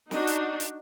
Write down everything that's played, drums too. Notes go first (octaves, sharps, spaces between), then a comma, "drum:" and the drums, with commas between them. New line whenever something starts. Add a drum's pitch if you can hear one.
D4 D#4 F#4, drum: snare
drum: hi-hat
drum: hi-hat